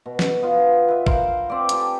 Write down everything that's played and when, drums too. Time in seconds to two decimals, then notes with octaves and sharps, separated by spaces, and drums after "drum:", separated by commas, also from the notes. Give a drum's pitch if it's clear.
0.06 B2
0.19 drum: snare
0.42 B3 F4
0.88 B4 E5
1.06 A#4 C5 F5 F#5, drum: kick
1.50 C4 B4 D5
1.69 G4 A4 G#5 A5, drum: hi-hat